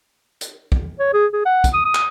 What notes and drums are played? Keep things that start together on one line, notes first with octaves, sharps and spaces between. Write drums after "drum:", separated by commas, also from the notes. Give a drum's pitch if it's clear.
drum: hi-hat
drum: kick
C#5
G#4
G#4
F#5
drum: kick, hi-hat
D#6
D#6
drum: clap